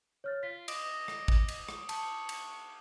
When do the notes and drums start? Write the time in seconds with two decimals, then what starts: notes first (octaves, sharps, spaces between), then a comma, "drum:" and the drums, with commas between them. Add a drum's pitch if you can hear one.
0.24 C#5 F6 A6
0.43 F4 B6
0.68 D#5 D6 D#6 D7, drum: cymbal
1.08 drum: rim click
1.28 drum: kick
1.48 drum: cymbal
1.69 drum: rim click
1.89 A5 C#6, drum: cymbal
2.29 drum: cymbal